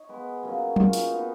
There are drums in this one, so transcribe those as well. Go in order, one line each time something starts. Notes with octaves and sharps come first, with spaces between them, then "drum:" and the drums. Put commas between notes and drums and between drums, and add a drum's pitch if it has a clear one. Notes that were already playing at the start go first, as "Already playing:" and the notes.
Already playing: D#4 C#5
G#3 B3
C#3 F#3 A#3
C#4 F4, drum: tom
F4
D#4 F#4, drum: open hi-hat
B3 D#4